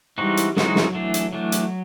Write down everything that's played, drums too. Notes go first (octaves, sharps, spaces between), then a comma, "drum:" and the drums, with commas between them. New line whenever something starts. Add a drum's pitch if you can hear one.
E3 G3 G#3 C4 D#4 F#4
drum: hi-hat
E3 F#3 G#3 C4 D#4 F#4, drum: snare
drum: snare
E3 A3 D4
drum: hi-hat
E3 F#3 A3 D4
drum: hi-hat